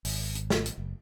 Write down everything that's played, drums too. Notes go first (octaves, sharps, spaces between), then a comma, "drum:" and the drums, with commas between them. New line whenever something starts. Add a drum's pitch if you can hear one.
G#1, drum: open hi-hat
drum: hi-hat
drum: snare
drum: hi-hat
F#1